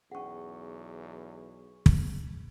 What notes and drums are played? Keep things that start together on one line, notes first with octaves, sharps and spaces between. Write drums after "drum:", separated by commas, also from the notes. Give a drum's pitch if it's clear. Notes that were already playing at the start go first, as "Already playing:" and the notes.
B1 E2 C#4 G#4 F#5 C#6
drum: kick